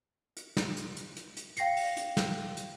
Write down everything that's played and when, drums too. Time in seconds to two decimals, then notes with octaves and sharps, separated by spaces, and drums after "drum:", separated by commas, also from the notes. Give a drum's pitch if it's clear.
0.37 drum: hi-hat
0.57 drum: snare
0.77 drum: hi-hat
0.97 drum: hi-hat
1.17 drum: hi-hat
1.37 drum: hi-hat
1.57 F5 G5 A#6 C7 C#7, drum: hi-hat
1.77 drum: open hi-hat
1.97 drum: hi-hat
2.17 drum: snare
2.57 drum: hi-hat